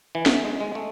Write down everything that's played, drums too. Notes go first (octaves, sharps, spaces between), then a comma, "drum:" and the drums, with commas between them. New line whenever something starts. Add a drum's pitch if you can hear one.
E3
drum: snare
G#3
G#3
A3